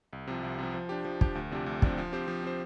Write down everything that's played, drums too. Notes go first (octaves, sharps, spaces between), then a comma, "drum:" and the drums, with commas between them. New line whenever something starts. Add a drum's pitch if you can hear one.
C2
C3 F3
C2
C3 F3
F3
D4 G4
F3
D4 G4, drum: kick
D2
C3 F3 D4 G4
D2
C3 F3 D4 G4, drum: kick
F3
C4 G4 C5
F3
C4 G4 C5